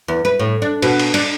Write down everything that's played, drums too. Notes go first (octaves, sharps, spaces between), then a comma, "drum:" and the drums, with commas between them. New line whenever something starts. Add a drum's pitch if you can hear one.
E2
B4
A2
D4
B2, drum: cymbal
drum: cymbal
D4, drum: cymbal